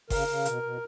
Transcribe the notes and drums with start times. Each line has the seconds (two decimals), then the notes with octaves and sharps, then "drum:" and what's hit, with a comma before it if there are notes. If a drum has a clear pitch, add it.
0.10 C#3 A#4, drum: kick G1, open hi-hat
0.28 C#3
0.45 B2, drum: hi-hat
0.63 B2